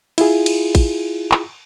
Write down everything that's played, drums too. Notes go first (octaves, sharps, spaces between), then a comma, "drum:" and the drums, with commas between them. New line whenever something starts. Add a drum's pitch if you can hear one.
E4 F4 G#4, drum: cymbal
drum: cymbal
drum: kick A1, cymbal
drum: clap